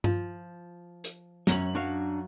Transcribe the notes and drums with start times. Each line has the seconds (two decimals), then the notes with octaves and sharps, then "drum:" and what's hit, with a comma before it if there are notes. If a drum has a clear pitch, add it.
0.04 F3, drum: tom G2
1.04 drum: hi-hat
1.47 F#2 C#4 C#5 F#7, drum: snare
1.75 F#3 D4 F#4 F5 C#6